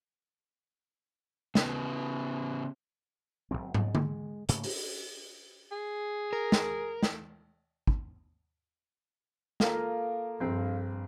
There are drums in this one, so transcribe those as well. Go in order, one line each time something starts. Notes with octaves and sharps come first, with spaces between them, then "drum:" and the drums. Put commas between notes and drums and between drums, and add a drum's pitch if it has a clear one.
C#3 B3, drum: snare
F#1 F#2 F#3 C4
G#2 C#3, drum: tom
G#3, drum: tom D3
G#2 C#3 A3 A#3, drum: hi-hat
drum: open hi-hat
G#4
A#4
drum: snare
drum: snare
drum: kick
A#3 F4 A4 A#4, drum: snare
A#1 G2 C4